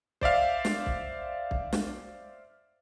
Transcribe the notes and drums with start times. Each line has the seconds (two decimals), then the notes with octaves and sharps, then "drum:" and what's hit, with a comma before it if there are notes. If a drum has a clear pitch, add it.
0.21 C5 D5 E5 F5, drum: kick
0.65 drum: snare
0.86 drum: kick
1.51 drum: kick
1.73 drum: snare